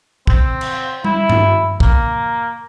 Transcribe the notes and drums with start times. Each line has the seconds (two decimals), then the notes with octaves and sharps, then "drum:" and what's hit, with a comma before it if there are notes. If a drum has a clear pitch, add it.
0.27 C4, drum: kick
0.61 drum: cymbal
1.05 E4, drum: tom G3
1.30 drum: tom G2
1.80 A#3, drum: kick